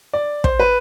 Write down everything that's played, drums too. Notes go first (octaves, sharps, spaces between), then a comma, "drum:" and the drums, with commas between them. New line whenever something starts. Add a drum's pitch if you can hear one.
D5
C5, drum: kick
B4